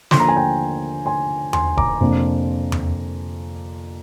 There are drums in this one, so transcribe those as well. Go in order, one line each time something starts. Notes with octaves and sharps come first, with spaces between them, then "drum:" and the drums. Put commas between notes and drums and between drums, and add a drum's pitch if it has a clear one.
D#2 D3 F3 C6, drum: snare
A#5
G#5
G5 A#5
G#5 C6
G#5 C6, drum: tom E2
A#5 D6, drum: kick E1
F2 C3 F3 A#3 D4
drum: tom E2